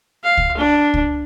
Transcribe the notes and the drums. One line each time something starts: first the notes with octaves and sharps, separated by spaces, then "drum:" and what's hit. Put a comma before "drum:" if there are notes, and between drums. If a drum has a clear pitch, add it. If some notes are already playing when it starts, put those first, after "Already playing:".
F5
drum: kick C#2
D4
drum: kick C#2